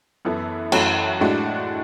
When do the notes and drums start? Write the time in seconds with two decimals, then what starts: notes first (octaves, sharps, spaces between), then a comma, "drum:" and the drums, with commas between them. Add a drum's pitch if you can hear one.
0.25 F#2 E3 B3 E4 A4
0.72 F#2 E3 A3 C#4 F#4, drum: cymbal
1.21 A2 G#3 D4 F#4